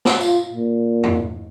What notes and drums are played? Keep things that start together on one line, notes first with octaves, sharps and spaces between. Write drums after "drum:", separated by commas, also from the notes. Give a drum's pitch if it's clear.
drum: snare
F4, drum: tambourine
A#2
drum: tom E2